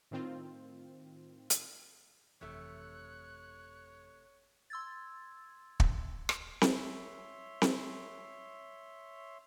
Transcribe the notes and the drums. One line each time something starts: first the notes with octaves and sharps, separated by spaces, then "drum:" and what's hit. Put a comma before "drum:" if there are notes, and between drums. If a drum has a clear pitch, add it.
A2 D#3 C4 F4
drum: hi-hat
G1 F2 C3 E3 A3 C#5 F#6
C6 E6 G#6 A6
drum: kick
drum: rim click
drum: snare C4
C#5 E5 C6
drum: snare C4